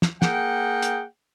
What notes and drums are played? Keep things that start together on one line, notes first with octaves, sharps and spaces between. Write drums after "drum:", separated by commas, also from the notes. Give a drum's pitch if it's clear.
drum: snare
A#3 G#4 F#5 G5, drum: snare
drum: hi-hat